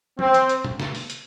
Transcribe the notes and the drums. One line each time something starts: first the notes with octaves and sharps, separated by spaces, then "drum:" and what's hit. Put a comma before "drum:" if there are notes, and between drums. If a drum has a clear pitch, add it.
C4, drum: tom
drum: hi-hat
drum: hi-hat
drum: tom
drum: snare
drum: open hi-hat
drum: hi-hat